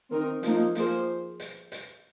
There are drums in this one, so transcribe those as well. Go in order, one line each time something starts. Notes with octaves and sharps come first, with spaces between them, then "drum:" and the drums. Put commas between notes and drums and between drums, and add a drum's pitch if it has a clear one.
D#3 C4 D#4 A#4
F3 A#3 D#4, drum: hi-hat
F3 A#3 G#4 C5, drum: hi-hat
drum: hi-hat
drum: hi-hat